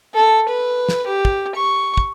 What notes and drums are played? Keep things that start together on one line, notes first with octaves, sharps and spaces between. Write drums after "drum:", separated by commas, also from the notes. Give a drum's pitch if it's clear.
A4
B4
drum: snare
G4
drum: kick
C#6
drum: kick